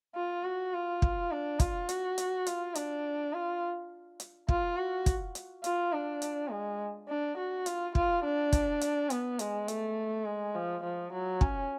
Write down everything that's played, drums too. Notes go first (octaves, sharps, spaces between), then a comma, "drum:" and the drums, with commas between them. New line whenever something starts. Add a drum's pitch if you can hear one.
F4
F#4
F4
drum: kick
D4
F4, drum: kick, hi-hat
F#4, drum: hi-hat
drum: hi-hat
F4, drum: hi-hat
D4, drum: hi-hat
F4
drum: hi-hat
F4, drum: kick
F#4
drum: kick, hi-hat
drum: hi-hat
F4, drum: hi-hat
D4
drum: hi-hat
G#3
D4
F#4
F4, drum: hi-hat
F4, drum: kick
D4
drum: kick, hi-hat
drum: hi-hat
B3, drum: hi-hat
G#3, drum: hi-hat
A3, drum: hi-hat
G#3
F3
F3
F#3
C#4, drum: kick